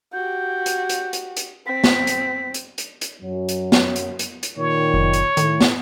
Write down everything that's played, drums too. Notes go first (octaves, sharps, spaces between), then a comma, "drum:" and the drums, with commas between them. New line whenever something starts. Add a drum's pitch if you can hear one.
F#4 G4 G6
drum: hi-hat
drum: hi-hat
drum: hi-hat
drum: hi-hat
C4 B6
drum: snare
drum: hi-hat
drum: hi-hat
drum: hi-hat
drum: hi-hat
F#2 F#3
drum: hi-hat
drum: snare
drum: hi-hat
drum: hi-hat
drum: hi-hat
A#2 D#3 C#5
F#1
drum: hi-hat
A2 D#3 A4, drum: hi-hat
drum: snare